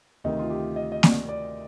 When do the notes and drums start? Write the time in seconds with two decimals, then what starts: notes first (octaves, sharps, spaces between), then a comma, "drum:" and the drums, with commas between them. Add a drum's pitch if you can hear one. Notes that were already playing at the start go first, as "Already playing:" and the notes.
0.24 D2 C3 D#3 D#4
0.39 F4
0.50 G4
0.76 D#5
0.92 D#5
1.03 D5, drum: snare A#3
1.29 D5